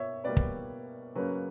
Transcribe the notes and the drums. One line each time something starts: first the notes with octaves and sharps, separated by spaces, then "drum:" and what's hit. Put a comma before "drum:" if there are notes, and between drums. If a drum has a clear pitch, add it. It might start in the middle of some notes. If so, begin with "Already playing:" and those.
Already playing: B2 A#3 C#5 E5
B2 G3 A#3 B4 D5
drum: kick
C#3 F#3 A#3 C#4 B4